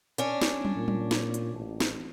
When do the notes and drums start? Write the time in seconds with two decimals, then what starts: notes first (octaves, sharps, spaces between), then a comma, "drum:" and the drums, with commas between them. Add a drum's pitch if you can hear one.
0.18 C#4 D4, drum: hi-hat
0.41 drum: snare
0.65 drum: tom F#3
0.76 A#2
0.88 drum: tom F#3
1.11 drum: snare
1.34 drum: hi-hat
1.54 A1
1.80 drum: snare